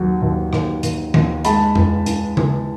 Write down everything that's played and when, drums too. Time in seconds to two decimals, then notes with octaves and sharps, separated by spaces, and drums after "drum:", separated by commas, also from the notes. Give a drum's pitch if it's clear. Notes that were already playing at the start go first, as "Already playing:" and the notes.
Already playing: D#2 F#3
0.22 D#2
0.53 D#2, drum: rim click
0.83 D#2, drum: hi-hat
1.14 D#2, drum: tom D#3
1.45 G#3 A5 B5, drum: hi-hat
1.75 E3, drum: tom F2
2.06 E3, drum: hi-hat
2.37 E3, drum: tom C#3